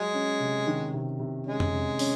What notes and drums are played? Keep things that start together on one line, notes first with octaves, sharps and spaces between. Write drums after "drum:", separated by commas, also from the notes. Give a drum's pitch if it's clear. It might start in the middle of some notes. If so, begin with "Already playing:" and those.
Already playing: F#3 G#3
C#4
C3
D#3
C3
C3
G#3 C#4
drum: tom F2
C3
C#4, drum: open hi-hat